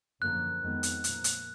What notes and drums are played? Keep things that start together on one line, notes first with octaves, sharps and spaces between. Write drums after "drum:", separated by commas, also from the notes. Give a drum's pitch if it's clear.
F#2 D3 F3 A#3 F#6
F2 D#3 G#3 B3
drum: hi-hat
A#2 F3 A#3, drum: hi-hat
drum: hi-hat